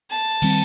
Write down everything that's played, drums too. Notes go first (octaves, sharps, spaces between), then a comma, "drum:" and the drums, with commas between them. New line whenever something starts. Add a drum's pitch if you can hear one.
A5
D#3 G3 C4, drum: open hi-hat